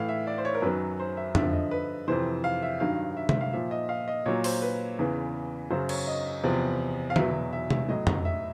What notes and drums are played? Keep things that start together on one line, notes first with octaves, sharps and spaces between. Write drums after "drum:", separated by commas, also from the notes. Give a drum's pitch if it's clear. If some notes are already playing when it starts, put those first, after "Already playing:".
Already playing: A2 E3 F5
E5
D5
C5
C#5
A#4
F#2 D#3 F#3 B4
C5
E5
G2 D3 F3 E5, drum: tom
D#5
B4
F2 C3 E3 C5
F5
E5
G2 D#3 F#3 F5
E5
E5, drum: tom C3
F5
A#2 F3 E5
D#5
F5
D#5
A#2 F#3 C#5
C5, drum: open hi-hat
B4
E2 C#3 E3
F#2 C#3 F#3 C5
C#5, drum: cymbal
D#5
E2 C3 F3
F5
E2 B2 F#3 E5, drum: tom
E5
E5, drum: tom C3
A2 F#3 D#5
D#5, drum: tom
E5